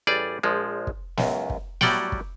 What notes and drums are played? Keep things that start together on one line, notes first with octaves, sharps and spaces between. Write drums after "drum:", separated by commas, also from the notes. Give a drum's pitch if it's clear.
A1 G3 G#4 D5
A#1 F3 G#3
drum: kick
C#2 F#2, drum: snare
drum: kick
A2 F#3 G3 D5 F#5 G5, drum: snare
drum: kick